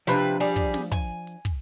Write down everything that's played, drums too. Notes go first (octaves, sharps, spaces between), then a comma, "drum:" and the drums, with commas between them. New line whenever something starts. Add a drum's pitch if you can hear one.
C3 F3 D4 B4
G3 G#4, drum: hi-hat
drum: kick, open hi-hat
drum: snare
G#5, drum: kick, hi-hat
drum: hi-hat
drum: kick, open hi-hat